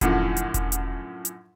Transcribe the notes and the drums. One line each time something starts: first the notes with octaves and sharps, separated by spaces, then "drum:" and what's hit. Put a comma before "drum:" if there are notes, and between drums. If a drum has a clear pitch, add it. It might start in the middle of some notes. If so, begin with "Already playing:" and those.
F#2 A2 D3 F3, drum: kick E1, hi-hat
drum: hi-hat
drum: kick E1, hi-hat
drum: hi-hat
drum: hi-hat